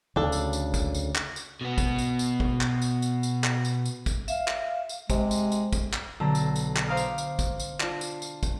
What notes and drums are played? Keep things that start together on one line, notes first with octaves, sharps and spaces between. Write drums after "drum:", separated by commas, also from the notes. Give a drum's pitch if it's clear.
D2 C#3 D4 A4
drum: tambourine
drum: tambourine
drum: kick, tambourine
drum: tambourine
drum: clap
drum: tambourine
B2 B3
drum: kick, tambourine
drum: tambourine
drum: tambourine
drum: kick
drum: clap
drum: tambourine
drum: tambourine
drum: tambourine
drum: clap
drum: tambourine
drum: tambourine
drum: kick, tambourine
E5 F5, drum: tambourine
drum: clap
drum: tambourine
C3 G#3, drum: kick, tambourine
drum: tambourine
drum: tambourine
drum: kick, tambourine
drum: clap
B1 D3 A4 A#5 A#6
drum: tambourine
drum: tambourine
drum: clap
C5 F5 A#5 D6 D#6 F6
drum: tambourine
drum: tambourine
drum: kick, tambourine
drum: tambourine
D4 F4, drum: clap
drum: tambourine
drum: tambourine
drum: kick, tambourine